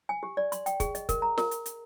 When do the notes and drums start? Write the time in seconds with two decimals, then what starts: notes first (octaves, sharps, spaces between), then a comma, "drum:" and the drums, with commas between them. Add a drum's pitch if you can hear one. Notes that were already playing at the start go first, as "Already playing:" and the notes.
0.09 G#5
0.23 G4
0.37 D5
0.52 C6, drum: hi-hat
0.66 G5, drum: hi-hat
0.80 G#4, drum: kick, hi-hat
0.95 D#5, drum: hi-hat
1.09 A#4, drum: kick, hi-hat
1.22 A#5
1.38 A#4, drum: snare
1.51 drum: hi-hat
1.66 drum: hi-hat